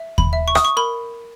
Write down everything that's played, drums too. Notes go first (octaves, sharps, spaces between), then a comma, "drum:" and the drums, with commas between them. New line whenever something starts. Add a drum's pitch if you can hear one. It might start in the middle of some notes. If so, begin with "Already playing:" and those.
Already playing: E5
B5, drum: kick D#2
E5
C#6
D#6, drum: rim click
C#6
A#4 B5